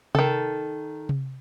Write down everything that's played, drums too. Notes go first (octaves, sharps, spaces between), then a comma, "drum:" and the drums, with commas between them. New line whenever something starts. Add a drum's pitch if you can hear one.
D#3 A4, drum: tom C3
drum: tom C3